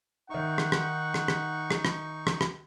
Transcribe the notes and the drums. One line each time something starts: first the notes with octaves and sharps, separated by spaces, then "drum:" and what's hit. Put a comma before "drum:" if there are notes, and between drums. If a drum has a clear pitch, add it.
D#3 D#4 E5 F#5 C#6
drum: rim click
drum: rim click
drum: rim click
drum: rim click
drum: rim click
drum: rim click
drum: rim click
drum: rim click